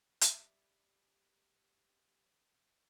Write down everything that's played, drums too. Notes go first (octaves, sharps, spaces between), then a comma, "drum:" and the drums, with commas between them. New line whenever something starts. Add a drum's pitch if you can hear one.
G3 E5, drum: hi-hat